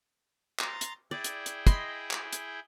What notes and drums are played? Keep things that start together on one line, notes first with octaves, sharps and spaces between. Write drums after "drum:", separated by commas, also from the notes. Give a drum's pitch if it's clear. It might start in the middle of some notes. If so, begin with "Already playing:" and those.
A#5 C6 A6, drum: clap
drum: hi-hat
E4 G#4 D5 G5
drum: hi-hat
drum: hi-hat
D#5 B5 C6, drum: kick, hi-hat
drum: clap
drum: hi-hat